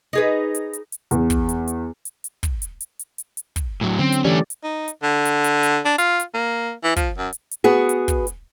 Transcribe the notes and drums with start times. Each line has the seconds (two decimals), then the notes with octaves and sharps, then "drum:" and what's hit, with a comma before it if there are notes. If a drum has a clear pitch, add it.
0.13 D#4 G#4 B4
0.55 drum: hi-hat
0.73 drum: hi-hat
0.92 drum: hi-hat
1.11 E2, drum: hi-hat
1.30 drum: kick, hi-hat
1.49 drum: hi-hat
1.68 drum: hi-hat
2.05 drum: hi-hat
2.24 drum: hi-hat
2.43 drum: kick, hi-hat
2.62 drum: hi-hat
2.81 drum: hi-hat
2.99 drum: hi-hat
3.18 drum: hi-hat
3.37 drum: hi-hat
3.56 drum: kick, hi-hat
3.81 A2 F#3
3.99 D3 F#3 C4 C#4
4.12 drum: hi-hat
4.24 E3 A3 C#4 G4 D5
4.50 drum: hi-hat
4.63 D#4
4.88 drum: hi-hat
5.03 D3
5.25 drum: hi-hat
5.44 drum: hi-hat
5.63 drum: hi-hat
5.85 D4
5.98 F4, drum: hi-hat
6.20 drum: hi-hat
6.34 A#3
6.84 E3
6.96 F3, drum: kick, hi-hat
7.18 F#2
7.33 drum: hi-hat
7.51 drum: hi-hat
7.64 B3 F#4 G#4
7.89 drum: hi-hat
8.08 drum: kick, hi-hat
8.27 drum: hi-hat